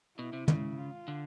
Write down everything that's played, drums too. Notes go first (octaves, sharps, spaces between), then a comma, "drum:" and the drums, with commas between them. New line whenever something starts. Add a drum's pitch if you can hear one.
B2 E4
C3
C#3, drum: tom
F4
D3